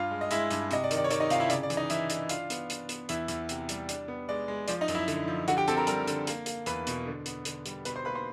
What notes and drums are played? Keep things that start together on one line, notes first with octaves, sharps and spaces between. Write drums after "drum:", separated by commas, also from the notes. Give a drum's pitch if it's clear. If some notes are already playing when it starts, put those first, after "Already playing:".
Already playing: G2 F4 F5
G#3
D#5
G#3 E4 E5, drum: hi-hat
G2, drum: hi-hat
C3 D#5, drum: hi-hat
D5
D#3, drum: hi-hat
D5
C#5
D#3 D5, drum: hi-hat
D#4 D#5
C3 F4 F5, drum: hi-hat
E4 E5
C#3 D5, drum: hi-hat
D5
E3, drum: hi-hat
D#4 D#5
E3 E4 E5, drum: hi-hat
D4, drum: hi-hat
D4 F4 F5, drum: hi-hat
B3, drum: hi-hat
D4, drum: hi-hat
B3, drum: hi-hat
E2 E4 E5, drum: hi-hat
E2, drum: hi-hat
C3, drum: hi-hat
G3, drum: hi-hat
D4, drum: hi-hat
B3
G#3 D5
G#3
F3 D5, drum: hi-hat
D#4 D#5
F#2, drum: hi-hat
E4 E5
D3, drum: hi-hat
F3
D3 F#4 F#5, drum: hi-hat
G4 G5
C4 A4 A5, drum: hi-hat
A#4 A#5
G3 A#4 A#5, drum: hi-hat
D3, drum: hi-hat
A#3, drum: hi-hat
A#3, drum: hi-hat
E2 B4 B5, drum: hi-hat
B2, drum: hi-hat
D3
B3, drum: hi-hat
D3, drum: hi-hat
G3, drum: hi-hat
B2 B4 B5, drum: hi-hat
C5 C6
A#3 B4 B5
C5 C6